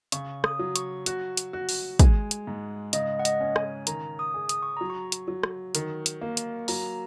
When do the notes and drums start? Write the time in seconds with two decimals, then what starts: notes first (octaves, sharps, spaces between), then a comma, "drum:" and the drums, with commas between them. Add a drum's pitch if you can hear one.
0.12 C#3 C#6, drum: hi-hat
0.44 D#6, drum: rim click
0.59 F#3
0.76 C#6, drum: hi-hat
1.06 F#4, drum: hi-hat
1.37 drum: hi-hat
1.53 F#4
1.69 drum: open hi-hat
1.99 G#3 G#5, drum: kick, hi-hat
2.31 drum: hi-hat
2.47 G#2
2.93 C#3 D#5, drum: hi-hat
3.19 F#5
3.25 D#5, drum: hi-hat
3.40 C#4
3.56 G#5, drum: rim click
3.87 D#3 A#5, drum: hi-hat
4.19 D#6
4.34 G#4
4.49 D#6, drum: hi-hat
4.63 C#6
4.77 F#3 A#5
4.90 C#6
5.12 drum: hi-hat
5.28 F#3
5.43 drum: rim click
5.75 D#3, drum: hi-hat
6.06 drum: hi-hat
6.21 A#3
6.37 drum: hi-hat
6.68 F#3 A#5, drum: open hi-hat